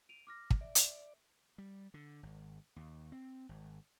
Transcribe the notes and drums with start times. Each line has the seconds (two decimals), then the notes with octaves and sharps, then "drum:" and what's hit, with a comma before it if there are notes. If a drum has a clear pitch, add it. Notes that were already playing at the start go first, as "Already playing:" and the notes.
0.09 D7 D#7 F7
0.27 D6 F6 A#6
0.50 drum: kick
0.61 D5 E5
0.75 drum: hi-hat
1.58 G3
1.94 D3
2.23 G#1
2.76 D#2
3.12 C4
3.49 G#1